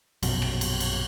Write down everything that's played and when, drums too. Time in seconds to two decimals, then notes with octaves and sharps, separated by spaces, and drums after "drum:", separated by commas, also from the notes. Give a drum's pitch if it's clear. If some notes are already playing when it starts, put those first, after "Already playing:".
0.23 A#1 F#2 B2, drum: cymbal
0.42 drum: rim click
0.61 drum: cymbal
0.80 drum: cymbal